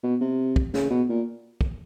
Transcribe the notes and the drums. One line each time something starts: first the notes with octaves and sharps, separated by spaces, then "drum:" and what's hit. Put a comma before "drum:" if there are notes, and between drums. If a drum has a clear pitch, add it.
B2
C3
drum: kick
C#3, drum: snare
B2
A#2
drum: kick